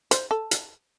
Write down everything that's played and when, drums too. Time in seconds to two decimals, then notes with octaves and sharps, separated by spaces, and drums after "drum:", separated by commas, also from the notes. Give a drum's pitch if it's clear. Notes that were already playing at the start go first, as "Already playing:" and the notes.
0.11 C5, drum: hi-hat
0.31 A4
0.51 drum: hi-hat